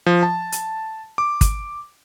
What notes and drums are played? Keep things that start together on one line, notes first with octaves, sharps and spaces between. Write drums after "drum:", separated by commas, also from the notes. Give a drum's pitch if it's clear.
F3
A5
drum: hi-hat
D6
drum: kick, hi-hat